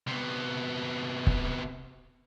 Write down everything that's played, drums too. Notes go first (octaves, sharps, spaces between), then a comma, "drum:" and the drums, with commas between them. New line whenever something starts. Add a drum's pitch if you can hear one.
C3 B3
drum: kick